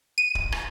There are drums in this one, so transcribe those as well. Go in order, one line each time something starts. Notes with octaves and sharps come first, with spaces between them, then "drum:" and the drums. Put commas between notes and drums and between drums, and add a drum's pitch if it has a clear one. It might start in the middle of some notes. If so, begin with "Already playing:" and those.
D#7
drum: kick D1
drum: rim click